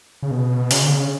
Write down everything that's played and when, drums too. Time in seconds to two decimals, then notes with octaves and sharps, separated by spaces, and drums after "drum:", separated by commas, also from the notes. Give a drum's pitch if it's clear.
0.22 C#3
0.31 B2
0.71 C#3, drum: open hi-hat
0.82 D3
0.93 C#3